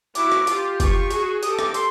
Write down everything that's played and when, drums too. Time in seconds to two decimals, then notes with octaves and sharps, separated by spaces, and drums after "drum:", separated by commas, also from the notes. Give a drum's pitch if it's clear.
0.15 E4 F#4 D6, drum: hi-hat
0.32 drum: rim click
0.47 F4 G4, drum: hi-hat
0.80 D6, drum: kick F#1, hi-hat
0.84 C#6
1.10 F#4 G#4, drum: hi-hat
1.43 G4 A4 D#6, drum: hi-hat
1.59 D6, drum: rim click
1.74 C6, drum: hi-hat